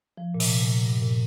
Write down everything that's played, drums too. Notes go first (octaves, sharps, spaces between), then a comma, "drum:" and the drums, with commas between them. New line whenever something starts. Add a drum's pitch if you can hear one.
F3
A#2
C3, drum: open hi-hat
A#2
G2
A#2